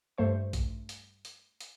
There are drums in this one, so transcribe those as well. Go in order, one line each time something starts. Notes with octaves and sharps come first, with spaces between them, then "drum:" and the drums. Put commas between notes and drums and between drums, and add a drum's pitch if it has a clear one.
G2 A3 C5 C#6
drum: kick, hi-hat
drum: hi-hat
drum: hi-hat
drum: hi-hat